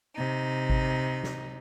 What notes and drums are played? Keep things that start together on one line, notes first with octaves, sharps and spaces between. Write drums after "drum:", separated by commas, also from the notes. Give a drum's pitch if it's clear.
C3 D#4
drum: kick G#1
drum: snare